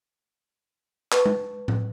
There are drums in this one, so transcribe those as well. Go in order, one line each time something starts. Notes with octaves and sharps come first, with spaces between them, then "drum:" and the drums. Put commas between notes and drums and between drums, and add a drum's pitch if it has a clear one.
B4 A5 C#6, drum: clap
drum: tom G#3
drum: tom A2